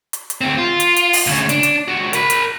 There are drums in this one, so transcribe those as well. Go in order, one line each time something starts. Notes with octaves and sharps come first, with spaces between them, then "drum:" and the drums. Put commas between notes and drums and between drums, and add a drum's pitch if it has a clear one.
drum: hi-hat
drum: hi-hat
D2 C4
F4
drum: hi-hat
drum: hi-hat
drum: open hi-hat
D2 C#3
D4, drum: hi-hat
drum: hi-hat
C#2 F#4
A#4 B5, drum: hi-hat
drum: hi-hat